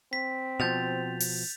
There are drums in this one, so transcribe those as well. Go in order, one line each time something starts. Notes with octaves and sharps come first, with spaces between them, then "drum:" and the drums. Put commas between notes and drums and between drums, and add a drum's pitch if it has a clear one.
C4 B6
B2 F3 G6 A6 F7
drum: open hi-hat